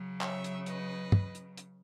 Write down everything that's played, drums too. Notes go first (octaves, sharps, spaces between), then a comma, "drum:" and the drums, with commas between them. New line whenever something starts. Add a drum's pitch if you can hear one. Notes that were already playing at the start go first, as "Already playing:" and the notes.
Already playing: C#3 F#3
C#5 E5, drum: clap
drum: hi-hat
B4 D#5, drum: hi-hat
drum: tom
drum: hi-hat
drum: hi-hat